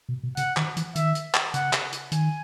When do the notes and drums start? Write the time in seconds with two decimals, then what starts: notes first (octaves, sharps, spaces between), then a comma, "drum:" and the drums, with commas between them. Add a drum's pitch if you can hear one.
0.09 B2
0.24 B2
0.37 C#3 F#5, drum: hi-hat
0.57 D#3, drum: clap
0.77 E3, drum: hi-hat
0.95 D#3 E5, drum: hi-hat
1.15 drum: hi-hat
1.34 drum: clap
1.54 C#3 F#5, drum: hi-hat
1.73 drum: clap
1.92 drum: hi-hat
2.12 D#3 G#5, drum: hi-hat